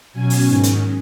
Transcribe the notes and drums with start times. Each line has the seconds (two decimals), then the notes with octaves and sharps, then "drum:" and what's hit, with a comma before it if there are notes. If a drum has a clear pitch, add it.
0.13 B2 F#3 C#4 G#5
0.30 drum: open hi-hat
0.47 G#2 D#3 F#3 C#4
0.63 drum: hi-hat